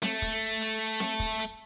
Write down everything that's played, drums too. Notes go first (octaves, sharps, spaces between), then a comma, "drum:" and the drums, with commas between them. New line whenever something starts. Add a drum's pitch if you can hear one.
A3, drum: snare C4
drum: kick, hi-hat
drum: hi-hat
drum: snare C4
drum: kick
drum: hi-hat